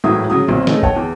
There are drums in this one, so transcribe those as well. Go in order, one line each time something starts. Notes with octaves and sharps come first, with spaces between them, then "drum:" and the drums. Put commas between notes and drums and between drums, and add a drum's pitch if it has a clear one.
G#1 A2 E3 F#3 E5 D#6
C#3 F#3 D#6
B1 F2 A#2 C4
G#3 A3 B3 C#4 D#4 D#5, drum: snare
C#5 F#5 G5 A5, drum: kick
E2